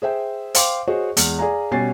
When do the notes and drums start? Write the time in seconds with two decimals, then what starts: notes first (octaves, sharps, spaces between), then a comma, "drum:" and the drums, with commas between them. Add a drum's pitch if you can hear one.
0.02 G#4 C5 E5 G5
0.54 C5 F5 G5 C6 D6, drum: hi-hat
0.88 F#4 G#4 C5 C#5 D#5
1.17 E2 G#3 F6, drum: hi-hat
1.39 G#4 D5 F5 G#5 A#5
1.71 B2 G3 C#4 G#5 A6 C7